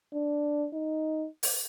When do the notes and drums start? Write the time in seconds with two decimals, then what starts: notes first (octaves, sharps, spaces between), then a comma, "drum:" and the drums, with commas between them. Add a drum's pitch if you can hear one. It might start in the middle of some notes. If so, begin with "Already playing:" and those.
0.13 D4
0.73 D#4
1.43 drum: open hi-hat